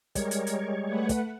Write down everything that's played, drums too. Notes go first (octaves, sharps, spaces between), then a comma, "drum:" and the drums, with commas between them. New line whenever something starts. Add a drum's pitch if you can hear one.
G3 G#3 A#4 C#5, drum: kick, hi-hat
drum: hi-hat
drum: hi-hat
A3 B4 F#5
drum: kick, hi-hat